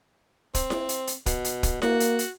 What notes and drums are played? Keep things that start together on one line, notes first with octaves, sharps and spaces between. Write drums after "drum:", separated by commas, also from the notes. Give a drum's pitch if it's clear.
C4, drum: kick, hi-hat
drum: snare E4
drum: hi-hat
drum: hi-hat
B2, drum: kick, hi-hat
drum: hi-hat
drum: kick, hi-hat
A#3 F#4, drum: snare E4
drum: hi-hat
drum: hi-hat